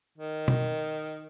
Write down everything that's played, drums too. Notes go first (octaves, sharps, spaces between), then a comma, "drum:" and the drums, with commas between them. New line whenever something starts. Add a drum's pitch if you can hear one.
D#3
drum: tom B2